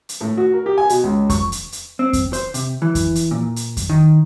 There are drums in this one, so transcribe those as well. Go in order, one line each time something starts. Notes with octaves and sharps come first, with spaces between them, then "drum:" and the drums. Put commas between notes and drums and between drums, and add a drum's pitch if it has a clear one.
drum: hi-hat
A2
F#4
A#4
G4
G#5
B2, drum: hi-hat
C#2
C#6, drum: kick F2, hi-hat
drum: hi-hat
drum: hi-hat
C4
drum: kick F2, hi-hat
C5, drum: hi-hat
C3, drum: hi-hat
E3
drum: kick F2, hi-hat
drum: hi-hat
A#2
drum: hi-hat
drum: kick F2, hi-hat
D#3